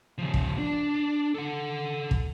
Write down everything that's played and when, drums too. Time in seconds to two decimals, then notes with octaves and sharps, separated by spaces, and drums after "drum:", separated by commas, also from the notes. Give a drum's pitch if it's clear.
0.18 C#3 F3
0.34 drum: kick
0.58 D4
1.35 A4 F#5
2.11 drum: kick